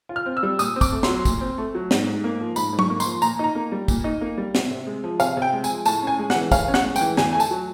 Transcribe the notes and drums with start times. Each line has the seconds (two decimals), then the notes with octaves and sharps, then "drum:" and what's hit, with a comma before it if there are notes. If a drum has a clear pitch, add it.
0.09 F4
0.16 F6
0.26 C4
0.37 E6
0.43 G3
0.59 A#2 D#6, drum: tambourine
0.76 C4
0.81 D6, drum: kick, tambourine
0.92 A3
1.03 C6, drum: snare
1.08 F#3
1.25 A#2, drum: kick, tambourine
1.41 C4
1.58 A3
1.75 F#3
1.91 G#2, drum: snare
2.08 G#2
2.24 A#3
2.41 F3
2.56 G#2 B5, drum: tambourine
2.73 G#2
2.79 C#6, drum: tom F#3
2.90 A#3
3.00 C6, drum: tambourine
3.06 F3
3.22 A#2 A#5, drum: tambourine
3.39 D#4 A#5
3.55 A#3
3.72 G3
3.88 A#2, drum: kick, tambourine
4.04 D#4
4.21 A#3
4.38 G3
4.55 C3, drum: snare
4.71 C3
4.87 G#3
5.04 F3
5.20 C3 F5, drum: tambourine
5.37 C3 G5
5.53 G#3
5.64 G#5, drum: tambourine
5.69 F3
5.86 A2 A5, drum: tambourine
6.02 C#4 G#5
6.19 G#3
6.30 F#5, drum: snare
6.35 E3
6.51 A2 F5, drum: kick, tambourine
6.68 C#4
6.74 F#5, drum: snare
6.84 G#3
6.96 G5, drum: tambourine
7.01 E3
7.17 E2 G#5, drum: snare
7.33 A3 G#5
7.40 A5, drum: tambourine
7.51 F#3